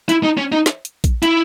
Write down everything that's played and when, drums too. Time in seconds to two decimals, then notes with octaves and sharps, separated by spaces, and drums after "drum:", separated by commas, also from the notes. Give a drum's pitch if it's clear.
0.09 E4, drum: hi-hat
0.23 D#4
0.37 C#4
0.52 D#4
0.66 drum: snare
0.85 drum: hi-hat
1.04 drum: kick A#1, hi-hat
1.23 E4, drum: hi-hat